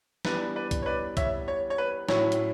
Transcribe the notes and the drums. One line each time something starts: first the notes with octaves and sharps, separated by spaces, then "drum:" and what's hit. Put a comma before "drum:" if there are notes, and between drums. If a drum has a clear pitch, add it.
E3 G3 B3 D4 B4 D5, drum: snare
B4 D5
drum: kick B1, hi-hat
C#5
B4 D5
C#5 E5, drum: kick B1, hi-hat
C#5
C#5
B4
A2 F#3 C#4 E4 C#5, drum: snare
drum: hi-hat